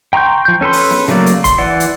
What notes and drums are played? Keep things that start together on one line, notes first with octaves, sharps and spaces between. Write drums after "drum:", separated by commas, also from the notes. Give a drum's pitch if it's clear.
G5 A#5 C6 C#6 G6
F3 G6
C#4 A4 B4 C6
drum: open hi-hat
drum: snare
C#3 F#3 A3 A#3 D5, drum: snare
drum: hi-hat
C6, drum: kick, hi-hat
E3 D5 F#5
drum: hi-hat